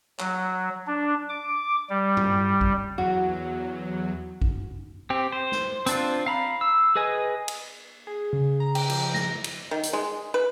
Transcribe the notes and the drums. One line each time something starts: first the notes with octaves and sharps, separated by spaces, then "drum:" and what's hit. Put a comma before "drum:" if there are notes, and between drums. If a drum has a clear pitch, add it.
F#3, drum: clap
D4
D6
G3
drum: tom G2
drum: kick A#1
E2 F#3 F#4
drum: kick A#1
C4 G4
C5
drum: snare
C4 D4 F4, drum: hi-hat
F5 A#5 B5
E6
G#4 B4 D#5 G#5
drum: cymbal
G#4
C#3
A#5
G5, drum: cymbal
F3, drum: cymbal
A#6, drum: snare
drum: cymbal
D#3
drum: hi-hat
G#3
B4